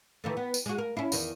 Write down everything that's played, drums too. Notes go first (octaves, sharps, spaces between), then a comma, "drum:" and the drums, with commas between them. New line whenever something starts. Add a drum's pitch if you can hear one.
D#3 E3 A3
B3
drum: tambourine
G#3 F#4
A#4
C#4 E4
E2 D#3, drum: tambourine